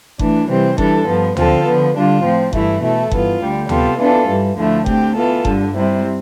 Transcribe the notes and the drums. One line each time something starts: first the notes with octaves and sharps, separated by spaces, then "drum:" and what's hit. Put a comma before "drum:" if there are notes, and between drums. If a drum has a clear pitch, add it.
E3 A3 D4, drum: kick F#1
C3 E3 G3 C4
E3 G3 D4 A4, drum: kick F#1
G2 F3 B3
D3 F3 C4 F4 A4, drum: tom D2
D3 F3 B3
D3 G3 D4 F4
A2 F3 C4
G2 E3 A3 E4, drum: kick F#1
B2 A3 E4 A4
G2 E3 B3 F4, drum: kick F#1
D2 D3 G3
C3 G3 B3 F4 A4, drum: tom D2
E3 B3 D4 F4 A4
G2 E3 G3
D2 D3 F3 A3 E4
D3 A3 C4 G4, drum: kick F#1
E3 B3 F4 A4
G2 D3 G3, drum: kick F#1
C3 G3 C4 E4